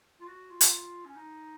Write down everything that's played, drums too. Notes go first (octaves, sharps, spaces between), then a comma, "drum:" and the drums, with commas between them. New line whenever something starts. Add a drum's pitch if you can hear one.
F4
F#4
F4
drum: hi-hat
C#4
D#4